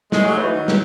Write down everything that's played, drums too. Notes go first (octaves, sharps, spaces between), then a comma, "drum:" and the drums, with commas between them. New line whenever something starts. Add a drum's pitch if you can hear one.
G#3 A3, drum: snare
F#3
E3 D#4
D#3 F#3
drum: snare